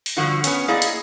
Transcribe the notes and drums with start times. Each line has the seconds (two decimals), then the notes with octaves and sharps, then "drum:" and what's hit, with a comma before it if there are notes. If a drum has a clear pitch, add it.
0.06 drum: open hi-hat
0.16 G2 D3 F3 F#4
0.44 B3 C#4, drum: hi-hat
0.68 A#3 E4 G#4 D5 D#5
0.82 drum: hi-hat